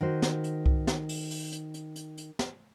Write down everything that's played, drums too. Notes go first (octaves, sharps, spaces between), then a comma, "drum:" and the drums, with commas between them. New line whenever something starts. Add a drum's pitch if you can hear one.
D#3 F#4 C5
drum: snare
drum: hi-hat
drum: kick C2
drum: snare
drum: open hi-hat
drum: open hi-hat
drum: hi-hat
drum: hi-hat
drum: hi-hat
drum: hi-hat
drum: snare